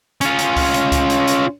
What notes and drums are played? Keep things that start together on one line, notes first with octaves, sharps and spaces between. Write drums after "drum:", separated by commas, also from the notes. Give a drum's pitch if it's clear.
C#4 F4, drum: hi-hat
drum: hi-hat
drum: kick C#2, open hi-hat
drum: hi-hat
drum: kick C#2, hi-hat
drum: hi-hat
drum: hi-hat